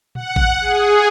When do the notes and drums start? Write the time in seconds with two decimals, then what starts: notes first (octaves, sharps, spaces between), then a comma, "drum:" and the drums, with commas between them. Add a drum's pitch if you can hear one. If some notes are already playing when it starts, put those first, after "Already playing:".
0.15 F#5, drum: tom A#2
0.36 drum: kick G#1
0.61 G#4